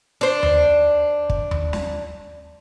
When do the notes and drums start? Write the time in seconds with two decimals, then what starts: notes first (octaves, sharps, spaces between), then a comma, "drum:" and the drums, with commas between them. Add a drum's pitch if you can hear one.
0.21 D4 C5
0.43 drum: tom D#2
1.30 drum: kick
1.51 drum: tom D#2
1.73 drum: snare